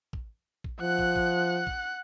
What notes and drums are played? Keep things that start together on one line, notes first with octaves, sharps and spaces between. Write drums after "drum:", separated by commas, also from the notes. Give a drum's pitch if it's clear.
drum: kick
drum: kick
F3 F#5 F#6
drum: kick
drum: kick
drum: kick